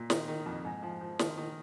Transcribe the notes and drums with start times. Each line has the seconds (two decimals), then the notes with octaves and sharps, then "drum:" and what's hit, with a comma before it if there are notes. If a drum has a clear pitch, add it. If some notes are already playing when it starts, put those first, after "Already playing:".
Already playing: A#2
0.10 D#3, drum: snare
0.28 D#3
0.46 F2
0.65 G#2
0.83 F3
1.01 F3
1.19 D#3, drum: snare
1.38 D#3